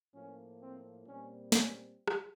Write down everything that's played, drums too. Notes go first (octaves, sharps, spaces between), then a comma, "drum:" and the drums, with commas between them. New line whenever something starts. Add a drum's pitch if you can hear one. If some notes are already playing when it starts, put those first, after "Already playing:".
A2 F3 A#3 C#4
C4
A#2 G3 C4 C#4
C#4, drum: snare
drum: rim click